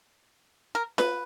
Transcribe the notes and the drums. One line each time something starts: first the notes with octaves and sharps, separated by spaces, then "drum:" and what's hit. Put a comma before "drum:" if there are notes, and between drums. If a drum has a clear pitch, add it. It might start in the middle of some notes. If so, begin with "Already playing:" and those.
A#4
B4, drum: snare F4